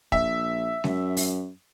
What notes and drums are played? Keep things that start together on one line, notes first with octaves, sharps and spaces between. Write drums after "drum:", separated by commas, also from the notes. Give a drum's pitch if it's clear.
A#1 E5, drum: kick
F#2, drum: snare G#3
drum: open hi-hat